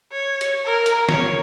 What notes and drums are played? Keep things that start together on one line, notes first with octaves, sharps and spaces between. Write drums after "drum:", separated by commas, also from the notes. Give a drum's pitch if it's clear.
C#5
drum: hi-hat
A#4
drum: hi-hat
C#5, drum: snare